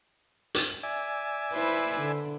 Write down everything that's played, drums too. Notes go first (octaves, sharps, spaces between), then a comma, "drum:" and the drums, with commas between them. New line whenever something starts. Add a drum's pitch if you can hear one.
drum: hi-hat
D5 E5 G#5
E4 B4 C5
D3